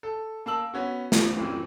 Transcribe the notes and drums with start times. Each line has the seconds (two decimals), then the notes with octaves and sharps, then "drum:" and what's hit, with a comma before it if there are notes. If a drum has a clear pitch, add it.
0.03 A4
0.46 A#3 A5 E6 F#7
0.73 B3 C#4 F#4
1.12 C#2, drum: snare
1.36 F#2 E3 C4